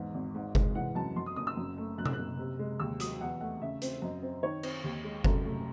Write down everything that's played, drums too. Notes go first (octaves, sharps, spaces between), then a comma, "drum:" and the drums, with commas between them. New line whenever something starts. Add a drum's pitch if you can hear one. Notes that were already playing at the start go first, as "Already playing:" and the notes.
Already playing: E2 G#2
G#1
G#2
G#3, drum: kick F#1
E3 F#5
F#2 A5
F#2 C6
D#6
F#1 D#6
E6
F#2
A3
F#2 F#6
E6, drum: tom C3
F#1 F#6
C3
G#3
D#2 E6
F#3 D#6, drum: hi-hat
E2 F#5
A3 F#5
C#3 E5
C4, drum: hi-hat
F#2 D#5
C4
D#3 C#5
C4, drum: cymbal
D#2
G#3
F#2 A4, drum: kick F#1
A3